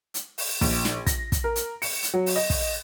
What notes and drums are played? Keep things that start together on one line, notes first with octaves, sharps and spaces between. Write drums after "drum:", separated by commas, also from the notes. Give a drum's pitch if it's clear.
drum: hi-hat
drum: open hi-hat
A#1, drum: kick, open hi-hat
drum: snare
A#6, drum: kick, hi-hat
drum: kick, hi-hat
A#4
drum: hi-hat
C#7, drum: open hi-hat
drum: hi-hat
F#3
drum: open hi-hat
D#5
drum: kick, open hi-hat